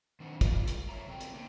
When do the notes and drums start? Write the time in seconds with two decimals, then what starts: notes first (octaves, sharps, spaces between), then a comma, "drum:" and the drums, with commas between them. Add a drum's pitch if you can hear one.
0.20 D#3 C4 D4 C5 F#5
0.41 G3 G#3 F4 G#4 D5 F5, drum: kick, hi-hat
0.68 drum: hi-hat
0.89 F2 A#4 C#5 E5 A#5
1.07 C#3 C4 A4 C5 G5
1.21 drum: hi-hat
1.34 A#3 D4 C5 D#5 G5